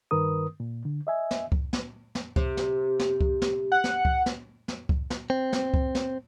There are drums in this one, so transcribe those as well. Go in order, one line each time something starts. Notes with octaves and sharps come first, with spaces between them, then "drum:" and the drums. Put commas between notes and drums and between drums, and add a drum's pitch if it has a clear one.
G2 D#3 A#4 B4 D#6
A#2
D3
D#5 E5 G#5
drum: snare
drum: kick C#2
drum: snare
drum: snare
C3, drum: kick C#2
drum: snare
drum: snare
drum: kick C#2
drum: snare
F#5
drum: snare
drum: kick C#2
drum: snare
drum: snare
drum: kick C#2
drum: snare
C4
drum: snare
drum: kick C#2
drum: snare